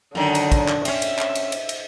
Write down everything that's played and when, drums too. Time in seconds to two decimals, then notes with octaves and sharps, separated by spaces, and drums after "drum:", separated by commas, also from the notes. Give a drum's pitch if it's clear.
0.15 F#2 D3 D#3
0.35 drum: cymbal
0.52 drum: kick, cymbal
0.68 drum: clap
0.85 C4 C#4 E5, drum: cymbal
1.02 drum: cymbal
1.19 drum: clap
1.35 drum: cymbal
1.52 drum: cymbal
1.69 drum: cymbal